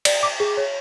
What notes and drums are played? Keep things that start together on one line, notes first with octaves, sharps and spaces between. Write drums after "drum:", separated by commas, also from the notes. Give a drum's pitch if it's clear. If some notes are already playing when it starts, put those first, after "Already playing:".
D5, drum: cymbal
D6
G#4
C#5